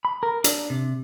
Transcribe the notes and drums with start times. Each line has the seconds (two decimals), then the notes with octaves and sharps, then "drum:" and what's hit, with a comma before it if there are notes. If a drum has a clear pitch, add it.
0.05 B5
0.23 A#4
0.44 D4, drum: hi-hat
0.70 C3